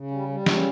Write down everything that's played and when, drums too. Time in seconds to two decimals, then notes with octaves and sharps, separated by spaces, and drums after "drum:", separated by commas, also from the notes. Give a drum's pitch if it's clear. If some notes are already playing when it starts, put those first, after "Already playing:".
Already playing: C#3
0.11 G3
0.29 G3
0.46 C#3, drum: snare